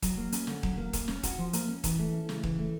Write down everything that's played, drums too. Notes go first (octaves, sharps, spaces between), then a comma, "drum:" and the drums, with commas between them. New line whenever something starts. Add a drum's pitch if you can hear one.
F#3, drum: kick D#1, hi-hat
A#3
C#4, drum: hi-hat
D3, drum: snare
F#3, drum: kick D#1
A#3
A#3, drum: kick D#1, hi-hat
C#4, drum: snare
F#4, drum: kick D#1, hi-hat
F3
A#3, drum: hi-hat
C#4
E3, drum: kick D#1, hi-hat
A3
C#4
C#3, drum: snare
E3, drum: kick D#1
A3